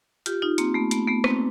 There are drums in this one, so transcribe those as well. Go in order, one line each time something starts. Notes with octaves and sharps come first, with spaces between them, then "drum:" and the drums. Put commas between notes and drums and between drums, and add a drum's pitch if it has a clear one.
F4 G4, drum: hi-hat
D#4 F4
A#3 C4, drum: hi-hat
A3 B3
A3 B3, drum: hi-hat
A3 B3
A#3 C4, drum: rim click